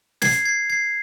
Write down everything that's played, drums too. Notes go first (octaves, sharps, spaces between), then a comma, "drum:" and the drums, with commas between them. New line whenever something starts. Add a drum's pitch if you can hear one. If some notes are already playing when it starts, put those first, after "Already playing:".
G#6 C7, drum: snare
G#6 C7
G#6 C7